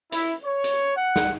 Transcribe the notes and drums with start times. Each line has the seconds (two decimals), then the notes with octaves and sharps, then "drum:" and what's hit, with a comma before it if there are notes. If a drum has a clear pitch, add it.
0.12 E4, drum: hi-hat
0.44 C#5
0.64 drum: hi-hat
0.96 F#5
1.16 drum: snare